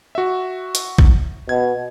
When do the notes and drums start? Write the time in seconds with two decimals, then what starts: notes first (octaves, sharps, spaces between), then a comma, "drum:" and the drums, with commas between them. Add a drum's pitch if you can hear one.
0.15 F#4 E5
0.75 drum: hi-hat
0.98 drum: kick
1.49 B2 G#6